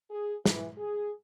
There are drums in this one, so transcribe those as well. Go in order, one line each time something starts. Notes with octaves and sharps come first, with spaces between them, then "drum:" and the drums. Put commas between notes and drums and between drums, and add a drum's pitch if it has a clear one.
G#4
E3, drum: snare
G#4